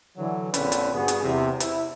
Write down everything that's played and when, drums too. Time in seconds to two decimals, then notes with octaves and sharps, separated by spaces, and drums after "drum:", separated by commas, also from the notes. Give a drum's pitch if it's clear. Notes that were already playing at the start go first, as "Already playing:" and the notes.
0.17 D3 E3 F#3
0.54 A#1 D3 F3 C4 C#4 B4, drum: hi-hat
0.72 drum: hi-hat
0.93 G2 B3 F#4 G#4
1.08 drum: hi-hat
1.23 E2 C3
1.60 E4, drum: hi-hat